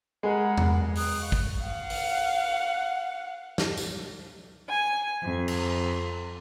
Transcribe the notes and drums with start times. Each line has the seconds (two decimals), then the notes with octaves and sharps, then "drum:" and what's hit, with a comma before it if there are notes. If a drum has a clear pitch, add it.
0.23 G#3 G#4 A#4 F#5 B5
0.58 drum: tom E2
0.95 G5 D#6 F#6, drum: open hi-hat
1.20 F5 C#6
1.32 drum: kick
1.64 F5 F#5
1.90 drum: open hi-hat
3.58 drum: snare
3.77 drum: tambourine
4.69 G#5
5.24 F2
5.48 drum: cymbal